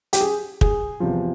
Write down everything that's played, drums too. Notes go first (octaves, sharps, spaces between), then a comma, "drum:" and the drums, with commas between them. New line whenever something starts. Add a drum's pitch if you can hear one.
G4, drum: hi-hat
G#4
G#4, drum: kick
E2 C3 F3